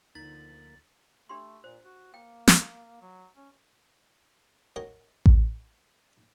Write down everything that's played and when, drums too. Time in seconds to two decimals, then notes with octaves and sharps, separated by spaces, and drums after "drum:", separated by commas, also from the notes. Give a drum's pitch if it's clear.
0.15 D2 D3 F3 A#3 D#4 A6 B6 F#7
1.29 A3 D4 G4 C6
1.64 A#2 C5
1.85 F#4
2.14 A#3 G5
2.48 drum: snare
3.02 F#3
3.36 C#4
4.76 A#4 C#5 D#5 F#5 G5
5.26 drum: kick A1